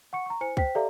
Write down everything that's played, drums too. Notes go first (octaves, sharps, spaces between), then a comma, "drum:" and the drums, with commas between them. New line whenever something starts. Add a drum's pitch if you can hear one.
F#5 C#6 C#7
A#5 C#6
E4 C5 G#5 C#7
C5 G5 B6, drum: kick
G4 A4 D5 E5 F5 A#5